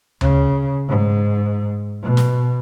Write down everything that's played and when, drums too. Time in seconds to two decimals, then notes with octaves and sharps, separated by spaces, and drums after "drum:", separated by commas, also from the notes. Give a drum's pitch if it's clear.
0.21 C#3, drum: tom D2
0.89 G#2
2.02 B2
2.17 drum: snare